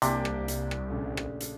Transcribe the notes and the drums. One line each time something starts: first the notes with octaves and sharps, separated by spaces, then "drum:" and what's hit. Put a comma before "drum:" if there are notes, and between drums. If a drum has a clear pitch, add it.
C2 C3 A#3 D4 G4 G#5, drum: hi-hat
drum: rim click
drum: hi-hat
drum: rim click
A#1 C#3 A3
drum: rim click
drum: hi-hat